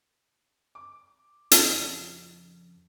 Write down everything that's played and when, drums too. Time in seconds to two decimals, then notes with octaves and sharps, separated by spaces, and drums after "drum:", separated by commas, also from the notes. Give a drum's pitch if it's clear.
0.75 D6
1.51 F2 C#3, drum: hi-hat